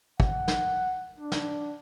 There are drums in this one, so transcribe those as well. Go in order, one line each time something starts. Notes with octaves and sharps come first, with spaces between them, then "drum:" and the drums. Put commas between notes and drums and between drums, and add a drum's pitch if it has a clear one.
F#5, drum: kick
drum: snare
D4
drum: snare